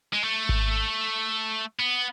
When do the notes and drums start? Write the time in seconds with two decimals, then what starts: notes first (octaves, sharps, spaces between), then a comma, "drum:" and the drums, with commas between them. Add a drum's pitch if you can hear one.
0.14 G#3
0.23 A3
0.49 drum: kick G#1
1.79 B3